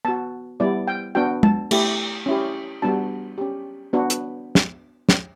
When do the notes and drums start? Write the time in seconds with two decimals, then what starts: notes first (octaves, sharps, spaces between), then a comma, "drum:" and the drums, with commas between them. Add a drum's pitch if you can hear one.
0.05 B3 F#4 A5
0.60 G3 B3 E4 D5
0.88 G5
1.15 B3 D4 F#4 G5
1.43 A5, drum: tom G#3
1.71 A3 E4 G4, drum: cymbal
2.26 C#4 E4 G4
2.82 G3 B3 D4 F#4 A5
3.38 C#4 G4
3.93 B3 D4 F#4
4.10 drum: hi-hat
4.55 drum: snare
5.09 drum: snare